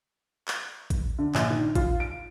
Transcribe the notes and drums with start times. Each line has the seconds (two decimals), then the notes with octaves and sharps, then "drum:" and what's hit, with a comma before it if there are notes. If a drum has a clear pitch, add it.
0.48 drum: clap
0.90 drum: kick A1, hi-hat
1.19 D3
1.35 A#1, drum: clap
1.50 D#3
1.75 F4, drum: kick A1, hi-hat
2.00 D7